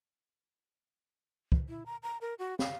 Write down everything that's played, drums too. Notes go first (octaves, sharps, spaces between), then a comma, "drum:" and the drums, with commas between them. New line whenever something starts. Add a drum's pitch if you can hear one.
drum: kick
E4
A#5
A#5
A#4
F#4
F5, drum: snare